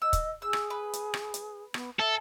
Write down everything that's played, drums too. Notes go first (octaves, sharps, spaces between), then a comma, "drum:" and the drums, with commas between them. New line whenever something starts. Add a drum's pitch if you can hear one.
D#5 E6
drum: kick, hi-hat
G#4 E6
drum: rim click
B4
drum: hi-hat
drum: rim click
drum: hi-hat
B3, drum: rim click
A4 E5